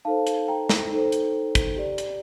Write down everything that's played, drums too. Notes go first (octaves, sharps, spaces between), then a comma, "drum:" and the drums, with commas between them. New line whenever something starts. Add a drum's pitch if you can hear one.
D#4 A4 C5 F5 A5
drum: hi-hat
G5 A#5
drum: snare
D#4 A4 C5
drum: hi-hat
drum: kick, hi-hat
G4 D5
drum: hi-hat